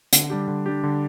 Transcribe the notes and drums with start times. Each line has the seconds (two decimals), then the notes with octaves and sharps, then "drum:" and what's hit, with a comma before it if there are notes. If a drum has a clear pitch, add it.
0.13 D3, drum: hi-hat
0.30 G3 D4 G4
0.48 D3
0.66 G3 D4 G4
0.83 D3